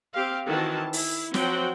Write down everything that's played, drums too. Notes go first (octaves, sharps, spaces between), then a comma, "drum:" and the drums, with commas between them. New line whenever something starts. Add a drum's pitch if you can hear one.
C4 G4 F5
D#3 E3 C4 F#4 A5
E4, drum: open hi-hat
F3 F#3 C4 F#4 F#5 G5, drum: snare